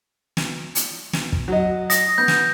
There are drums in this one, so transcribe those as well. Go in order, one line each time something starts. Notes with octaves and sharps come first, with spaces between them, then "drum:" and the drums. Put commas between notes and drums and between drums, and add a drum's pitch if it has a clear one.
drum: snare
drum: hi-hat
drum: snare
drum: kick
F#3 D#5
D#6 A#6, drum: hi-hat
B3 G6
drum: snare